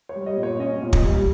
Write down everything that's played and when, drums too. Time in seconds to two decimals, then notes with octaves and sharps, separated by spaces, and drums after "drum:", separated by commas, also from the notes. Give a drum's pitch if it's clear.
0.09 C#5
0.16 G3
0.26 D#5
0.37 A#2
0.43 C#5
0.59 C#4 D#5
0.82 A#2
0.93 drum: kick
1.04 G3